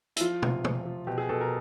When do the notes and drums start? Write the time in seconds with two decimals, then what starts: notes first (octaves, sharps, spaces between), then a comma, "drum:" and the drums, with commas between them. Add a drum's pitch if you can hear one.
0.16 E4, drum: hi-hat
0.20 F3 F4
0.42 C3, drum: tom
0.65 F3, drum: tom
0.85 F3
1.07 B2 G4
1.18 G#4
1.29 B2 A4
1.41 A#4